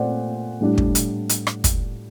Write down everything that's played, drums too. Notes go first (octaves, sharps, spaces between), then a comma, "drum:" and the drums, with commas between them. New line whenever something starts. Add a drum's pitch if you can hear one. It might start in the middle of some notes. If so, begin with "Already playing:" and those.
Already playing: A#2 A3 C5 D5 F#5
A2 G3 D4
drum: kick
drum: hi-hat
drum: hi-hat
drum: rim click
drum: kick, hi-hat